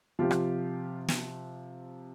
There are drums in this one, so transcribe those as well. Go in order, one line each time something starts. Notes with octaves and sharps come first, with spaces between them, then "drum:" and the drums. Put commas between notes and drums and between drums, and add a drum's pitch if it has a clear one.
C3 F3 F4 G4
drum: rim click
drum: snare